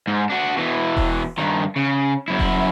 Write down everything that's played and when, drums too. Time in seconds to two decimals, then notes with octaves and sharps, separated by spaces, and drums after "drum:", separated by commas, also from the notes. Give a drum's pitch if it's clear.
0.07 G#2
0.30 D4 F#4
0.57 B2 E3
0.97 drum: kick E1
1.38 G2 D#3
1.76 C#3
2.28 F#2 E4
2.39 drum: kick E1